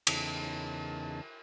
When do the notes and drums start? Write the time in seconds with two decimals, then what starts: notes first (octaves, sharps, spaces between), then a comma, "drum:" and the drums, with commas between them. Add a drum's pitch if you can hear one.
0.07 E2 C#3 D#4 A5, drum: cymbal